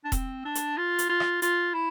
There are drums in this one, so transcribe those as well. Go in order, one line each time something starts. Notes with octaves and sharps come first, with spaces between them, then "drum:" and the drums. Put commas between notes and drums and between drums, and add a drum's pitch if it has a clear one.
D4
C4, drum: kick E1, hi-hat
D4
drum: hi-hat
F4
drum: hi-hat
F4
drum: rim click
F4, drum: hi-hat
E4